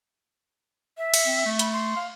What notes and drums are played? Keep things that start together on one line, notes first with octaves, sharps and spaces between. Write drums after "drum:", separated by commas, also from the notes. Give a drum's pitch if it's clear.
E5
drum: cymbal
C4
A3
B5, drum: hi-hat
C6
F5